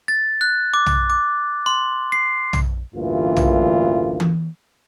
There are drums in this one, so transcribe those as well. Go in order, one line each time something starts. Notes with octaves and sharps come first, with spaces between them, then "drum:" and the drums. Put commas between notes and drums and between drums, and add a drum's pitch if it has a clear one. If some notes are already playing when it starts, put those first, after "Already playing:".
A6
F#6
D6
drum: tom
D6
C6
C7
drum: tom
A1 D2 G2 E3 A#3 F4
drum: tom
drum: tom E3